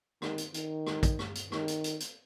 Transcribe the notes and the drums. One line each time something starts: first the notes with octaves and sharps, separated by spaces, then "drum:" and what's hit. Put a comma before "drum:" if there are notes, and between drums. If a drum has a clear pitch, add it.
D#3, drum: rim click
drum: hi-hat
D#3, drum: hi-hat
drum: rim click
drum: kick, hi-hat
drum: rim click
drum: hi-hat
D#3, drum: rim click
drum: hi-hat
drum: hi-hat
drum: hi-hat